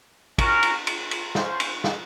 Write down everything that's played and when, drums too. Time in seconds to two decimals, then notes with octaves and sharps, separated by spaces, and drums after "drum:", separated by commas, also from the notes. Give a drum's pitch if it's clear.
0.38 C#4 F#4 A#4, drum: kick, cymbal
0.63 drum: cymbal
0.87 drum: cymbal
1.11 drum: cymbal
1.35 C#4 F4 C5, drum: snare
1.60 drum: cymbal
1.84 drum: snare